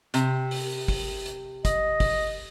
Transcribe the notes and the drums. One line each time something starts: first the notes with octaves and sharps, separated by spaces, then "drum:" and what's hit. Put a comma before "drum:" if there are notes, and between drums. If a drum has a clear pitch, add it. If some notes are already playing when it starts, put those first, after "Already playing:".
C3, drum: hi-hat
drum: open hi-hat
drum: kick, open hi-hat
drum: hi-hat
D#5, drum: kick, hi-hat
drum: kick, open hi-hat